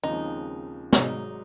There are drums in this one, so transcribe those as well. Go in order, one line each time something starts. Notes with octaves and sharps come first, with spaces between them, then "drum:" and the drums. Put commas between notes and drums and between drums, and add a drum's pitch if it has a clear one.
D#2 C#3 F3 G#3 C4 D#4
G#1 G#2 F#3 D#4, drum: snare